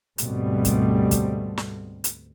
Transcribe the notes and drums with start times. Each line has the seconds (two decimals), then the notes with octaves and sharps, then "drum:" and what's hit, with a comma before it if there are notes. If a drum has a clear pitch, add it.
0.18 D2 G#2 B2 G3 A3 C4, drum: hi-hat
0.65 drum: kick, hi-hat
1.11 drum: kick, hi-hat
1.57 drum: snare
2.04 drum: hi-hat